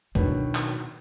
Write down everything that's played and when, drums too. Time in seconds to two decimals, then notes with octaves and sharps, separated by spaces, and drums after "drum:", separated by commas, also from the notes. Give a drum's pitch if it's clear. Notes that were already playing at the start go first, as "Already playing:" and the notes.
0.15 B2 D#3 F#3 D4 E4, drum: kick
0.55 drum: clap